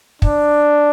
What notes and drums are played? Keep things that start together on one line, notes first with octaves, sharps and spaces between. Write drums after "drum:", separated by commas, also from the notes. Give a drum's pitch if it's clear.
D4, drum: kick